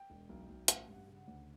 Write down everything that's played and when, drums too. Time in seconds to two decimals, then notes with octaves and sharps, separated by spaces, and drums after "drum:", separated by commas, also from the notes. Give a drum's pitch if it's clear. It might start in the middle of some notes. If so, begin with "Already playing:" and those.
Already playing: G5
0.10 E1
0.29 B1
0.49 B1
0.68 A1 F#5, drum: hi-hat
0.88 G2
1.08 C#3
1.27 D2